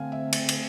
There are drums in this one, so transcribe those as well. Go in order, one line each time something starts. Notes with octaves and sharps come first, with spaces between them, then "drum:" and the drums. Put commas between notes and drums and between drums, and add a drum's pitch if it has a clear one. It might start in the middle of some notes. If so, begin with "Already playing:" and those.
Already playing: D3 A3 C4 F5 G#5
E5
drum: cymbal
drum: cymbal